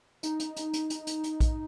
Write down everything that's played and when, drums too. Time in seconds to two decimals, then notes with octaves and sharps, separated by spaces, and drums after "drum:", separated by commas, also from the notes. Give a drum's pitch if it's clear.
0.23 D#4, drum: hi-hat
0.40 drum: hi-hat
0.56 drum: hi-hat
0.73 drum: hi-hat
0.90 drum: hi-hat
1.07 drum: hi-hat
1.24 drum: hi-hat
1.40 drum: kick A#1, hi-hat